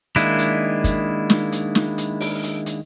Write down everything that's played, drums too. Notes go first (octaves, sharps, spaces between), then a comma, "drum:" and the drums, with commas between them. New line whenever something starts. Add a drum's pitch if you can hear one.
D#3 G#3 A#3 D4 E4, drum: hi-hat
drum: hi-hat
drum: kick, hi-hat
drum: snare
drum: hi-hat
drum: snare
drum: hi-hat
drum: open hi-hat
drum: hi-hat
drum: hi-hat